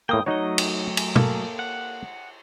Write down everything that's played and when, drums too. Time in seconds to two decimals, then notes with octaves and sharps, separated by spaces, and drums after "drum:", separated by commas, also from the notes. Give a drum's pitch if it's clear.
0.09 A2 A#3 G5 D#6
0.26 F#3 A3 D#4 F#4 C#5 D#5
0.58 drum: cymbal
0.97 drum: cymbal
1.16 A#3 A4, drum: tom
1.59 F#5